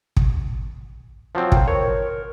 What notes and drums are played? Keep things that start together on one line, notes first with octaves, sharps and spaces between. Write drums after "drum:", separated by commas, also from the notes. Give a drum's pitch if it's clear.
drum: kick
F3 F#3 C4
G5, drum: kick
A#4 C#5